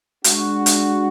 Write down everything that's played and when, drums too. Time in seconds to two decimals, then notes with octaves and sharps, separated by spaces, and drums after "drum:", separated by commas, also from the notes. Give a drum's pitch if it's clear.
0.24 G#3 D4 F#4, drum: hi-hat
0.66 drum: hi-hat